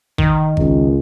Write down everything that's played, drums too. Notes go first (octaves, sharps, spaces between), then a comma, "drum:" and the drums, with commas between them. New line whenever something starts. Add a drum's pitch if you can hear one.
D#3, drum: kick G#1
C#2, drum: kick G#1